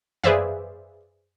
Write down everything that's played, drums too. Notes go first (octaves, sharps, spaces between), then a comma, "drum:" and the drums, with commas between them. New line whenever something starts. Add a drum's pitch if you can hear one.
G#4 B4 C5 D5 E5 F5, drum: tom F#2